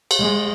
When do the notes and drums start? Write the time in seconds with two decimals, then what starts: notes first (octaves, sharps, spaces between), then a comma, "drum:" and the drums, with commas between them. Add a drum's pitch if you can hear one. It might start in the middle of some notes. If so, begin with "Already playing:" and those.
0.11 drum: cymbal
0.21 G#3